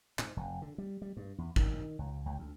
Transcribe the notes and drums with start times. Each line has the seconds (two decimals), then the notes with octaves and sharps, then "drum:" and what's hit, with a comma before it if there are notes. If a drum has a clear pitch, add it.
0.19 G#2, drum: clap
0.37 F1
0.62 D3
0.78 G3
1.02 G3
1.17 G2
1.38 E2
1.56 D#3, drum: kick
1.99 C#2
2.26 C#2
2.39 D2